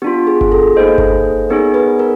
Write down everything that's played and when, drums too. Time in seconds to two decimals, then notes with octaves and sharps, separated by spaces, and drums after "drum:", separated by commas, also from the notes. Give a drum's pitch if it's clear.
0.02 B3 D4 F4 G4
0.27 G#4
0.41 G#4, drum: kick G1
0.52 A4
0.76 A#3 D#4 G#4 C5 D#5
0.98 drum: kick G1
1.50 B3 D#4 G#4 A#4 C#5
1.74 B4
1.99 A#4